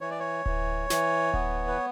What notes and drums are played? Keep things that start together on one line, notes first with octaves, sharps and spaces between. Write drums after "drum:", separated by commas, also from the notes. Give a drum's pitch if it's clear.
E3 C#5
D5
C#5
E3, drum: kick D1
E3, drum: snare
B3, drum: kick D1
B4